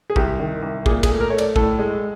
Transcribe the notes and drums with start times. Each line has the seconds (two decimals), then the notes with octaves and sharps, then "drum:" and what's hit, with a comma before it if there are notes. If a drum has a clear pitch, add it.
0.10 G#4
0.16 C2 G4, drum: kick
0.39 D#3
0.62 C2
0.86 A#2 G#4, drum: kick
1.03 G#4, drum: kick, cymbal
1.09 A3
1.21 A#4
1.30 A3 C#5
1.38 D5, drum: cymbal
1.56 A2 A4, drum: kick
1.79 G#3